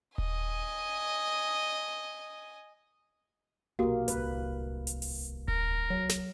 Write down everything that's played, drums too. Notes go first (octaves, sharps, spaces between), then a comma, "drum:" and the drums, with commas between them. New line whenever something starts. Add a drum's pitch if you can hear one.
D#5 G#5, drum: kick D#1
B1 A#2 A#3 F#4 G4 A4
D1 C2 B4, drum: hi-hat
drum: hi-hat
drum: open hi-hat
A#4, drum: kick D#1
F#3
drum: snare